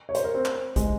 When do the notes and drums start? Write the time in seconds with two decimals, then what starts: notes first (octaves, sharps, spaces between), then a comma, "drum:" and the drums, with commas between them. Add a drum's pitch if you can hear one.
0.09 C#5
0.15 C5, drum: hi-hat
0.24 A#4
0.35 C4
0.45 drum: clap
0.76 G#3, drum: kick, hi-hat